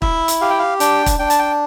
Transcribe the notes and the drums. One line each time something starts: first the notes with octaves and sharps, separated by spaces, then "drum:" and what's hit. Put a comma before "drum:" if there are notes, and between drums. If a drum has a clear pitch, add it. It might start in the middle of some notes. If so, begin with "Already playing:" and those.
E4 E5, drum: kick
drum: hi-hat
G4 F5
G5
F5
D4 G5, drum: hi-hat
drum: kick, hi-hat
D4 G5
A5, drum: hi-hat
G5